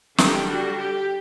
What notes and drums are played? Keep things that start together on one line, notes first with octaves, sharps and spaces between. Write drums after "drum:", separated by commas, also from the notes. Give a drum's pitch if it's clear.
D3 G3 D4 G4, drum: snare
F#4
G4